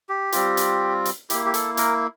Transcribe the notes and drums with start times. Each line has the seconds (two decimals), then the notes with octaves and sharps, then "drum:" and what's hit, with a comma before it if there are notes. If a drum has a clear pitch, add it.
0.09 G4
0.32 G3 C4 F4, drum: hi-hat
0.57 drum: hi-hat
1.05 drum: hi-hat
1.30 A#3 E4 G4, drum: hi-hat
1.45 G4
1.54 A4, drum: hi-hat
1.77 A#4, drum: hi-hat